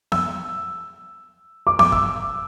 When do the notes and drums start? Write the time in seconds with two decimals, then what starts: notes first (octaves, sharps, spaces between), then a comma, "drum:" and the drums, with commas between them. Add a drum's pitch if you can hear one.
0.12 E6, drum: snare B3
1.67 D6
1.79 D6, drum: snare B3
1.92 E6, drum: kick